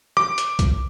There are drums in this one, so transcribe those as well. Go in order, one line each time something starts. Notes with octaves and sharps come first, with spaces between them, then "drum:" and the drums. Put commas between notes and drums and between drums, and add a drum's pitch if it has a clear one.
D6, drum: rim click
drum: hi-hat
drum: kick B1, hi-hat